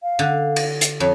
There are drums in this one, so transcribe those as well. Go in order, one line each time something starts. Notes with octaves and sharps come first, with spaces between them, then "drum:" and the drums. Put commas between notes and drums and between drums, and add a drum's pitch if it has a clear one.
F5
D3
drum: cymbal
drum: hi-hat
F2 C#5